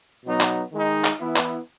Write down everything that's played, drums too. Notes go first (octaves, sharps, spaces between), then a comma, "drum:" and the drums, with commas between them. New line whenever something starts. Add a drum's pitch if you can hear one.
B2 F#3 B3 D#4
drum: clap
D#3 G#3 D#4
drum: clap
E3 B3 E4
drum: clap